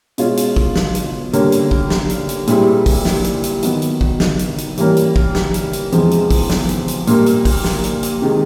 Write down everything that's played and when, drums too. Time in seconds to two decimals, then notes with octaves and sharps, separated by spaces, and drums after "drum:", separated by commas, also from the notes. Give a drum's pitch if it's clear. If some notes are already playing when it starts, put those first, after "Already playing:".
0.18 B2 G#3 C#4 F4, drum: hi-hat
0.37 drum: hi-hat
0.56 drum: kick
0.76 drum: snare
0.95 drum: hi-hat
1.33 D3 G3 A#3 C#4, drum: hi-hat
1.52 drum: hi-hat
1.71 drum: kick
1.90 drum: snare
2.10 drum: hi-hat
2.29 drum: hi-hat
2.47 A#2 G3 C4 E4 G#4, drum: hi-hat
2.86 drum: kick, open hi-hat
3.05 drum: snare
3.24 drum: hi-hat
3.43 drum: hi-hat
3.63 D#3 F#3 B3, drum: hi-hat
3.82 drum: hi-hat
4.01 drum: kick
4.20 drum: snare
4.39 drum: hi-hat
4.58 drum: hi-hat
4.77 E3 G3 A#3 C#4, drum: hi-hat
4.97 drum: hi-hat
5.16 drum: kick
5.35 drum: snare
5.54 drum: hi-hat
5.73 drum: hi-hat
5.92 E2 C3 F3 G#3, drum: hi-hat
6.11 drum: hi-hat
6.31 drum: kick, open hi-hat
6.50 drum: snare
6.69 drum: hi-hat
6.88 drum: hi-hat
7.07 A#2 G3 A#3, drum: hi-hat
7.26 drum: hi-hat
7.45 drum: kick, open hi-hat
7.64 drum: snare
7.84 drum: hi-hat
8.03 drum: hi-hat
8.22 C3 D#3 G#3